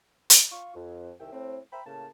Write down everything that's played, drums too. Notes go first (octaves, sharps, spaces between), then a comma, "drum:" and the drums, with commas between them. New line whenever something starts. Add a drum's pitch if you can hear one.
drum: hi-hat
F4 C#6
F2
C2 D#3 E5 G5
A2 C4
C5 E5 G5 A#5 B5
A2 C#3 A#3 A5